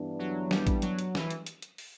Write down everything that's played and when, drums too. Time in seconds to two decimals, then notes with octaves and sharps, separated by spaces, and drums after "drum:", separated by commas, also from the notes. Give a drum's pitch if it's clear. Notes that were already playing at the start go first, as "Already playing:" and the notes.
Already playing: G2 E3 B3 D4
0.19 F#3
0.51 G3, drum: snare
0.67 drum: kick, hi-hat
0.82 F#3, drum: hi-hat
0.99 drum: hi-hat
1.15 E3, drum: snare
1.30 drum: hi-hat
1.46 drum: hi-hat
1.62 drum: hi-hat
1.78 drum: open hi-hat